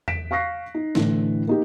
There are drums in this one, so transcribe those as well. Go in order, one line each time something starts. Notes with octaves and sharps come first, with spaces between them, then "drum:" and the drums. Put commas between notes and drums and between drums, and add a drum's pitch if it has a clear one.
B6 D7 E7, drum: tom E2
F5 C#6 F#6 A#6 C7
D#4
A2 D3 E3, drum: snare
A#3 D#4 G4